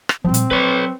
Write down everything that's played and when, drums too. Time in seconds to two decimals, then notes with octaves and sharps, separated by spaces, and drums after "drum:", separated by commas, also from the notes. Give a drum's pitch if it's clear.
0.09 drum: rim click
0.25 A#2 F3 G3 C4
0.34 drum: hi-hat
0.51 F#3 B4 C#5